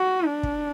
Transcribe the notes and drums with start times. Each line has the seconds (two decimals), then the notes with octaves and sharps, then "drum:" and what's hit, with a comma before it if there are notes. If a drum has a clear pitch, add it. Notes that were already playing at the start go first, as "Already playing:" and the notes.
Already playing: F#4
0.26 D4
0.43 drum: kick